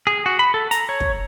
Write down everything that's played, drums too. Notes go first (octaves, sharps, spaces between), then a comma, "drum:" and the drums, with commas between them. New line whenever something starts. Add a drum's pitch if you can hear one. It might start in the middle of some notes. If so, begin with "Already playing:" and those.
G#4
F#4
B5
A4
A#5, drum: hi-hat
C#5
drum: kick